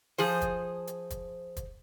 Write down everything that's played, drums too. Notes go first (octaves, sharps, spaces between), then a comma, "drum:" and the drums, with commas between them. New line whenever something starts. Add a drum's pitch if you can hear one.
F3 G#4 C5, drum: open hi-hat
drum: kick, hi-hat
drum: hi-hat
drum: kick, hi-hat
drum: kick, hi-hat